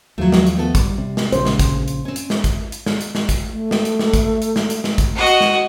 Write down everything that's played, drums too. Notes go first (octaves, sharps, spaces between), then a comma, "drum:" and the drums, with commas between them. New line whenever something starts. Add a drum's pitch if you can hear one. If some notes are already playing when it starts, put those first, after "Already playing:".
D#2 F3 F#3 A3
drum: snare
drum: hi-hat
A3 B3 A4
G3, drum: kick, hi-hat
C3
drum: snare
A#1 C#3 C5, drum: hi-hat
drum: snare
drum: kick, hi-hat
drum: hi-hat
C4 C#4
drum: hi-hat
drum: snare
drum: kick, hi-hat
drum: hi-hat
drum: snare
drum: hi-hat
drum: snare
drum: kick, hi-hat
A3
drum: snare
drum: hi-hat
drum: snare
drum: kick, hi-hat
drum: hi-hat
drum: snare
drum: hi-hat
drum: snare
drum: kick, hi-hat
F#4 D#5
drum: hi-hat
drum: snare